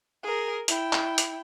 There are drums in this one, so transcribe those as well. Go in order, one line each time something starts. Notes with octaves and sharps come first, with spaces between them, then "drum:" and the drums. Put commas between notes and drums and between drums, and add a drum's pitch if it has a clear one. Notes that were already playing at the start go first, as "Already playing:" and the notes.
G#4 A#4
E4 G5, drum: hi-hat
drum: clap
drum: hi-hat